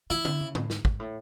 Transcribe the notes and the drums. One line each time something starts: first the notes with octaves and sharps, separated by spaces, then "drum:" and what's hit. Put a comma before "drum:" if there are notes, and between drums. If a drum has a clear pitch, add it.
E3 E4
D3, drum: tom
C#3
A2, drum: tom
G#2, drum: snare
G#2, drum: kick
A2